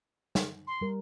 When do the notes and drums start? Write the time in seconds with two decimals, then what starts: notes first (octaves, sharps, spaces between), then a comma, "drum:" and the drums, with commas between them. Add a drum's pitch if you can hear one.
0.35 drum: snare
0.67 C6
0.81 G3 A#4